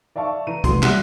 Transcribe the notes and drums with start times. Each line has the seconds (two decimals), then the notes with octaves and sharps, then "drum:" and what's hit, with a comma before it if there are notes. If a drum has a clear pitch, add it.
0.16 D5 E5 F5 A5 C#6
0.47 E3 A#5 D#7
0.64 F1 G3 F#4 C6, drum: kick, hi-hat
0.83 G3 E5 F#5 F#6, drum: clap